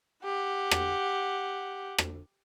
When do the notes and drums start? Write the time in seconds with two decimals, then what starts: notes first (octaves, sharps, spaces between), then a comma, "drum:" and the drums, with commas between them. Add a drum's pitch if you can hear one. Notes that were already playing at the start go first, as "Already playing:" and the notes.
0.24 G4 F#5
0.71 drum: rim click
1.98 drum: rim click